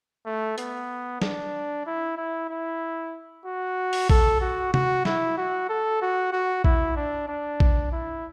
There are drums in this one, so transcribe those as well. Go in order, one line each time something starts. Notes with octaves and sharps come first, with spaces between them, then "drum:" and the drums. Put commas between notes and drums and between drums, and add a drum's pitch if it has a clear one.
A3
B3, drum: hi-hat
D4, drum: snare
E4
E4
E4
F#4
drum: open hi-hat
A4, drum: kick A#1
F#4
F#4, drum: tom
E4, drum: snare
F#4
A4
F#4
F#4
E4, drum: kick A#1
D4
D4
drum: kick A#1
E4